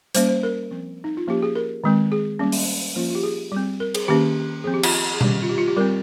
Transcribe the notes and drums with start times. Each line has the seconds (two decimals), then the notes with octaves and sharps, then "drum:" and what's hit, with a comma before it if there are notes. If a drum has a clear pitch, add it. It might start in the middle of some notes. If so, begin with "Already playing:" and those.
0.15 G3 A#3 C#4 C5, drum: hi-hat
0.28 C5
0.43 A#4
0.71 F3 C4
1.04 D#4
1.17 F4
1.28 F3 A#3 C#4 G4
1.42 G#4
1.55 A#4
1.84 D#3 G#3 C4
2.12 G#4
2.39 G3 A#3 C#4
2.52 drum: open hi-hat
2.96 F3 A#3 C#4 F4
3.11 F4
3.15 G4
3.23 G#4
3.52 G3 C4
3.80 A#4
3.94 G#4, drum: cymbal
4.08 D#3 A#3 C#4 G4
4.64 F3 C4 G#4
4.74 G4
4.83 F4, drum: cymbal
4.92 G4
5.14 G#4
5.21 D#3 G3 C#4 G4, drum: tom B2
5.42 F4
5.49 G4
5.58 F4
5.68 G4
5.77 G3 C4 A#4